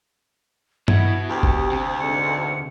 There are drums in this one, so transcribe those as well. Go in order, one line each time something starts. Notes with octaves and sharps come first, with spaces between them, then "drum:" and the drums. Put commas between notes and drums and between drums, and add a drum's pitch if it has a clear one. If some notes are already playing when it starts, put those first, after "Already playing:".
B2 E4 F#4 G#6, drum: tom G2
D2 G4 D#6
drum: kick G1
C3
E2 G#2 D3 C#7